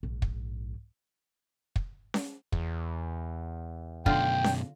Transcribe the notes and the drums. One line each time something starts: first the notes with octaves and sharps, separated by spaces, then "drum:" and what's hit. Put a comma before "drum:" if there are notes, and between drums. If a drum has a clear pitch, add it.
A#1 G#2
drum: kick
drum: kick
drum: snare C#4
E2, drum: kick
F#2 B2 D3 F4 G5, drum: kick
drum: snare C#4